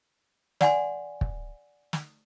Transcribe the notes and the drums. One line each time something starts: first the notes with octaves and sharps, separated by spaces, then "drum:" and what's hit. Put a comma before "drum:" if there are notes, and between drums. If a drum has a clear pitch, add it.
D5 F#5 G#5 C6, drum: snare
drum: kick
drum: snare